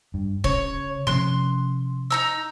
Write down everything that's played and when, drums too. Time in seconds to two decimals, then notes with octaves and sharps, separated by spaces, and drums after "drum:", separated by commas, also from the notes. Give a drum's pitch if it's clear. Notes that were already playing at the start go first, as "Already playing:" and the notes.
0.14 G2
0.44 C#3 C#5, drum: kick
1.07 C3 F3 C#4 C6 F#6
2.10 D#4 A#5 E6